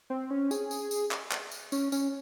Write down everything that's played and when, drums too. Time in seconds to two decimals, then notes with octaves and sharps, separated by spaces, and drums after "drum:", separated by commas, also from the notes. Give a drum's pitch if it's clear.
0.10 C4
0.30 C#4
0.51 G#4, drum: tambourine
0.71 drum: tambourine
0.91 drum: tambourine
1.11 drum: clap
1.31 drum: clap
1.51 drum: tambourine
1.72 C#4, drum: tambourine
1.92 C#4, drum: tambourine